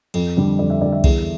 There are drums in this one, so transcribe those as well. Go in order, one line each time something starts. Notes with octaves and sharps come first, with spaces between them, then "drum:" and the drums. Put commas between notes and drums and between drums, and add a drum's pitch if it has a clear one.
F2, drum: cymbal
D3 G3
F2 D5
E5
D3 G3 D5
E5
E2, drum: kick C2, cymbal